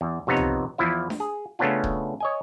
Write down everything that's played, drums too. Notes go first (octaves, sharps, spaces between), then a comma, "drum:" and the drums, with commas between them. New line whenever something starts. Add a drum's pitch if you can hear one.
E2
F2 C3 B3 D#4 C#5
drum: tom C2
E2 F3 E4 E5
drum: snare D4
G#4
C#3 A3 B3 C#4 D4 F4
drum: kick D#1
C#5 D#5 G#5